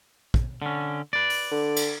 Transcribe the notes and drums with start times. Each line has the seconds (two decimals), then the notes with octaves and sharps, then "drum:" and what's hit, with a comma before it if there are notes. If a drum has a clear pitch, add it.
0.34 drum: kick
0.62 D3 C#4
1.13 B4 D5
1.30 drum: open hi-hat
1.51 D3
1.76 drum: cymbal